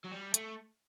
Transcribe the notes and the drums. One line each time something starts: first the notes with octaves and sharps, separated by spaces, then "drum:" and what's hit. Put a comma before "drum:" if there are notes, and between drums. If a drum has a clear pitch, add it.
F#3
G3
A3, drum: hi-hat